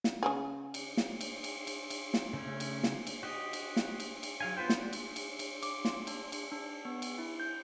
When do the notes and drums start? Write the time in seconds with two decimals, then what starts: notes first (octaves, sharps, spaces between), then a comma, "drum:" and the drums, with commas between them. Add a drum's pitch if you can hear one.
0.04 drum: snare
0.23 C#3 E3 G#4
0.74 drum: cymbal
0.97 drum: snare
1.21 drum: cymbal
1.44 drum: cymbal
1.67 drum: cymbal
1.90 drum: cymbal
2.14 drum: snare
2.33 C#3 A3 C#4
2.60 drum: cymbal
2.83 drum: snare
3.07 drum: cymbal
3.23 F#4 G4 D#5
3.53 drum: cymbal
3.76 drum: snare
4.00 drum: cymbal
4.23 drum: cymbal
4.40 F#3 F5 G#5
4.56 B3 F4 B4 C5 G5
4.69 drum: snare
4.79 F#4 G4 D5
4.93 drum: cymbal
5.16 drum: cymbal
5.39 drum: cymbal
5.63 D6, drum: cymbal
5.85 C6, drum: snare
6.07 D4, drum: cymbal
6.32 drum: cymbal
6.52 D4
6.85 B3
7.02 drum: cymbal
7.18 E4
7.40 G6